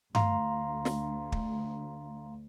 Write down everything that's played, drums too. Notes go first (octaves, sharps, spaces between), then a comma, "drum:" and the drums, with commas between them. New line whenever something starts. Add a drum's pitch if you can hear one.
D2 F5 A#5 C6, drum: tom G2
drum: snare
drum: kick